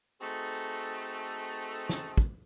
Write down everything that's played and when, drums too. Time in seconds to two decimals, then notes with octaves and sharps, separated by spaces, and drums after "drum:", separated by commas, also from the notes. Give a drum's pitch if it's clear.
0.21 A3 C4 D#4 F#4 G#4 A4
1.89 drum: snare
2.17 drum: kick